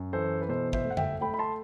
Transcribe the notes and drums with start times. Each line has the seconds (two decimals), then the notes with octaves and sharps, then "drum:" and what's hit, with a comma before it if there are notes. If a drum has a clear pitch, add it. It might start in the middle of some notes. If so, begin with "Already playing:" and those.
Already playing: F#2
0.13 E3 A4 C5
0.41 B4
0.49 B2 A4 C5
0.73 C5 E5, drum: kick
0.85 A3
0.90 F#5
0.97 E5 G5, drum: tom
1.21 A3 G5 B5
1.34 B5
1.39 A5 C6